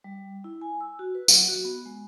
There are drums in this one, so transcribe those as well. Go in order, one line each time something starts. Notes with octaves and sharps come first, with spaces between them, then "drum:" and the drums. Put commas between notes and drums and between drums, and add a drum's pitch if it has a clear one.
G3
E4
G#5
E6
F#4
B4
F#3, drum: tambourine
F#4
B3
G#3